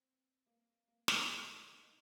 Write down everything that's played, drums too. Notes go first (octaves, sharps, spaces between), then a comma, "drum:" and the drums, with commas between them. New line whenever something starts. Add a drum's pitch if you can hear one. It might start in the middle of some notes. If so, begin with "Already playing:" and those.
Already playing: C4
A#3
A#3
G3, drum: snare
A#3
A#3 D#4
A#3 D#4